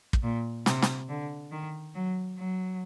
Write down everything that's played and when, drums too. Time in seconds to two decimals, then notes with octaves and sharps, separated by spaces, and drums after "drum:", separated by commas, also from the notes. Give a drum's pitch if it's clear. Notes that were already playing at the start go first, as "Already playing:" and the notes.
0.13 drum: kick
0.23 A#2
0.66 C3, drum: snare
0.82 drum: snare
1.09 D3
1.51 D#3
1.95 F#3
2.38 F#3